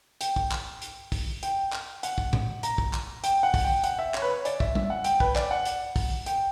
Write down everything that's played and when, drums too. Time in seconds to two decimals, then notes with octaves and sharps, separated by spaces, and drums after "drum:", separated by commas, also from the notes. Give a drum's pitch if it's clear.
0.21 G5, drum: hi-hat
0.36 drum: kick
0.51 drum: clap
0.82 drum: hi-hat
1.12 drum: kick, open hi-hat
1.43 G5, drum: hi-hat
1.72 drum: clap
2.03 F#5, drum: hi-hat
2.18 drum: kick
2.33 drum: tom A2
2.63 A#5, drum: hi-hat
2.78 drum: kick
2.93 drum: clap
3.24 G5, drum: hi-hat
3.43 F#5
3.54 drum: kick, open hi-hat
3.64 G5
3.84 F#5, drum: hi-hat
3.99 E5
4.14 C#5, drum: clap
4.22 B4
4.29 C#5
4.45 D5, drum: hi-hat
4.60 E5, drum: kick
4.75 E5, drum: tom
4.90 F#5
5.04 G5, drum: hi-hat
5.20 B4, drum: kick
5.36 D5, drum: clap
5.51 F#5
5.65 drum: hi-hat
5.96 drum: kick, open hi-hat
6.26 G5, drum: hi-hat